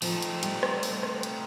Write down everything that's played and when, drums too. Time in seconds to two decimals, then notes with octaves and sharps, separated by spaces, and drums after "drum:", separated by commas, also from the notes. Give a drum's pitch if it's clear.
0.02 F3 A3 C4 D#4, drum: open hi-hat
0.22 drum: hi-hat
0.43 G3, drum: hi-hat
0.63 drum: rim click
0.83 drum: open hi-hat
1.03 drum: rim click
1.23 drum: hi-hat